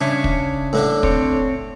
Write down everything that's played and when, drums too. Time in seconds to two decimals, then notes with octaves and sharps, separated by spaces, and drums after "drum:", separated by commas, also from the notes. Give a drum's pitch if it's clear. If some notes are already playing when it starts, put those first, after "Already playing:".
0.01 C#3 D4 C#5 E5
0.24 drum: kick
0.73 A2 D3 D4
1.03 C4 C#5, drum: kick